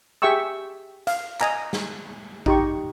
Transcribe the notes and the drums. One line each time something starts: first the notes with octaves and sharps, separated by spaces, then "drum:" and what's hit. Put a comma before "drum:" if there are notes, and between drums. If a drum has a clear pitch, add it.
G4 G#4 E5 G5 C#6 E6
F5, drum: hi-hat
D#5 G#5 A#5, drum: clap
drum: snare
D#4 G4 C#6, drum: kick A1